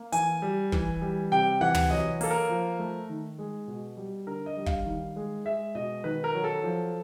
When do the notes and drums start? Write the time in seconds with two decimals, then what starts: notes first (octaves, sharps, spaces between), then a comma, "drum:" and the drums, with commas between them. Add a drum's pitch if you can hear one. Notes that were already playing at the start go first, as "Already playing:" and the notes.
Already playing: A#3
0.12 E3 G#5, drum: hi-hat
0.42 G3
0.72 E3, drum: kick
1.02 G3
1.32 C3 G5
1.61 E3 F#5
1.74 drum: tom
1.90 F#3 D#5
2.21 A#3 A4, drum: open hi-hat
2.31 A#4
2.49 F3
2.79 A3
3.09 D#3
3.38 G#3
3.68 B2
3.97 G3
4.27 D3 A#4
4.46 D#5
4.57 G3
4.66 F5, drum: kick
4.86 D#3
5.16 G#3
5.45 G#3 E5
5.75 B2 D#5
6.04 D#3 B4
6.24 A#4
6.34 F#3
6.44 A4
6.63 F3